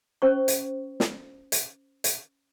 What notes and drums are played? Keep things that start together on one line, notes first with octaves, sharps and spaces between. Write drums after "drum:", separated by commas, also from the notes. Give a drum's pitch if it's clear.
C#4 C5 C#6
drum: hi-hat
drum: snare
drum: hi-hat
drum: hi-hat